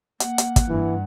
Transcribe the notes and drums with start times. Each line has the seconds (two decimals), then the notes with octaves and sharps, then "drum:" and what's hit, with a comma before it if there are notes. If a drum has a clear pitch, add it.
0.20 A#3 F#5, drum: hi-hat
0.38 drum: hi-hat
0.56 drum: kick, hi-hat
0.68 G2 E3